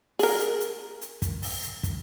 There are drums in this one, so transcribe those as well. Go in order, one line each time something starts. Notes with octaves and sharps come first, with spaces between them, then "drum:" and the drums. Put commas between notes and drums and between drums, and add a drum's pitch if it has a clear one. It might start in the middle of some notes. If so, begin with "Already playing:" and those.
G#4 A#4, drum: open hi-hat
drum: hi-hat
drum: hi-hat
drum: hi-hat
drum: kick, hi-hat
drum: open hi-hat
drum: hi-hat
drum: kick, hi-hat